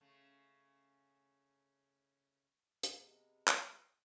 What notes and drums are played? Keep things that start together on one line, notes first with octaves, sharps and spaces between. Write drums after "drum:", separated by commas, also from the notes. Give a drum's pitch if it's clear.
C#3 A3
C3 G#3 B3, drum: hi-hat
drum: clap